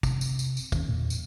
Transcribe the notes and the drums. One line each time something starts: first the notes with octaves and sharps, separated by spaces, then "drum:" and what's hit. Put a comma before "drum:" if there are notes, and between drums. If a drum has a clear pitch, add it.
C3, drum: kick, tambourine
drum: tambourine
drum: tambourine
drum: tambourine
D#2 D#3 C#4, drum: kick, tambourine
E2 A#2
drum: tambourine